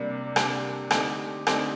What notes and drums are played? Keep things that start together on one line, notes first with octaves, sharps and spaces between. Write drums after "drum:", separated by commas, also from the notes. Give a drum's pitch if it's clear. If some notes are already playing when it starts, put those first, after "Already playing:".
Already playing: C3 G3 A#3 D4
C3 G3 A#3 D4, drum: rim click
D3 A3 C4 D#4 G4, drum: rim click
D3 A3 C4 D#4 G4, drum: rim click